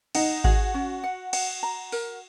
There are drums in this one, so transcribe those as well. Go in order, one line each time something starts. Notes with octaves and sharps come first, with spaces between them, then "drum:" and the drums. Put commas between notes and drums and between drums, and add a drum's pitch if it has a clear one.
D#4 F#5, drum: cymbal
F#4 G#4, drum: kick G#1
C#4
F#5
F#5, drum: cymbal
A#5
A#4, drum: open hi-hat